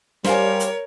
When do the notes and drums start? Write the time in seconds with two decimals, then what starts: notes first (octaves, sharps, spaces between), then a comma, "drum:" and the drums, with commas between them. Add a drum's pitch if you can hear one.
0.24 G3 A#4 C5 C#5 F5 G#5, drum: snare
0.60 drum: hi-hat